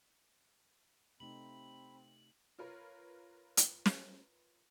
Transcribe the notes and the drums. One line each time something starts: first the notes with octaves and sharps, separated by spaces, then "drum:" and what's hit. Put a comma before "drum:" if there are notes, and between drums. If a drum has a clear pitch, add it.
C3 A3 C4 D#4 B5 F#7
F4 A#4 B4 C#5
drum: hi-hat
drum: snare